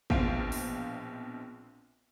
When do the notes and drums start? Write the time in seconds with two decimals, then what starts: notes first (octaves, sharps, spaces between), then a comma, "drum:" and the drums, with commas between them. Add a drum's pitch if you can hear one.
0.10 A#1 B2 C4 F4 F5 D7, drum: kick
0.52 drum: open hi-hat